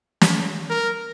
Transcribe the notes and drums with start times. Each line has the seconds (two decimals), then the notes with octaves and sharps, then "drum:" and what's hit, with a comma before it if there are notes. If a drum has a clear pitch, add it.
0.21 drum: snare
0.70 A#4